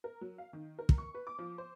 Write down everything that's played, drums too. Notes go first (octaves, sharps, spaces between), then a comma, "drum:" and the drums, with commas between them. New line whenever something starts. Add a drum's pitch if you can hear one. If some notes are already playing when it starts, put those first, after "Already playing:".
A#4
F#3
F5
D#3
A#4
drum: kick
C#6
B4
D6
F3
C5